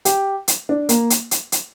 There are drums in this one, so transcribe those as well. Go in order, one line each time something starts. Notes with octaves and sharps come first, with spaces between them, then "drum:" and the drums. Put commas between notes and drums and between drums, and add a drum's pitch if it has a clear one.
G4, drum: hi-hat
drum: hi-hat
D4
A#3, drum: hi-hat
drum: hi-hat
drum: hi-hat
drum: hi-hat